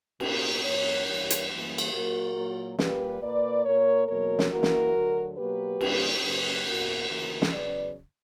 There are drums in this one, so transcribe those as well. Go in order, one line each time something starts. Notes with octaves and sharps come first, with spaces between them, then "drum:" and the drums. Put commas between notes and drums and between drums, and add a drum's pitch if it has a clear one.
B2 A#3 F#4 A#4, drum: cymbal
F#2 E3 A#3 A#4 C#5
G2 E3 G3 A#3 A#4 C#5
drum: hi-hat
F#2 E3 G3 A#3
drum: cymbal
A#2 F#3 A#3 F#4 A#4
A#2 F#3 A#3
A#2 G3 A#3 G4 B4, drum: snare
A#2 A#3 B4 D5
A#2 A#3 A#4 C#5
E2 B2 F#3 A#3 A#4 C#5
drum: snare
F#2 E3 A#3 F#4 A#4
drum: snare
D2 D3 F#3
B2 F#3 A#3 G4 B4
E2 D3 G3 A#3, drum: cymbal
F#2 C#3 F#3 A#3 G4 B4
E2 B2 A#3 F#4 A#4
D2 C#3 E3 A#3 F#4 A#4
drum: snare
E2 C#3 F#3 B4 D5